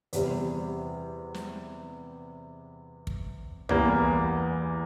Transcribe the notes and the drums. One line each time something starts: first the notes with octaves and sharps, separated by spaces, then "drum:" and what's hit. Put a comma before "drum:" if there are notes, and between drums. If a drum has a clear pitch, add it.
E2 C3 G3, drum: hi-hat
drum: snare
drum: kick
E2 E3 G3 A#3, drum: tom C2